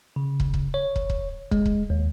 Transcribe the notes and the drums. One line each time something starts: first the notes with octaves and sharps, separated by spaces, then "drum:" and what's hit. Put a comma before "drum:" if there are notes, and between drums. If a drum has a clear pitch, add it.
C#3
drum: kick
drum: kick
C#5
drum: kick
drum: kick
G#3, drum: kick
drum: kick
D#2